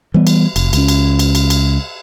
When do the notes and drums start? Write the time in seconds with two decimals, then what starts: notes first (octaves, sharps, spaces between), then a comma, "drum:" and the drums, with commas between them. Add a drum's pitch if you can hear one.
0.14 E3 G3 B3
0.27 drum: cymbal
0.56 F1, drum: cymbal
0.73 C#2 C#4, drum: cymbal
0.88 drum: cymbal
1.19 drum: cymbal
1.35 drum: cymbal
1.50 drum: cymbal